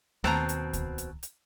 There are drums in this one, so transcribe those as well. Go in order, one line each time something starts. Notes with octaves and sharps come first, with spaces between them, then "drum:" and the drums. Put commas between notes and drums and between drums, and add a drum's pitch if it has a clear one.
D#2 B2 C4 A4 A5 A#5, drum: snare A3
drum: hi-hat
drum: kick C#2, hi-hat
drum: hi-hat
drum: hi-hat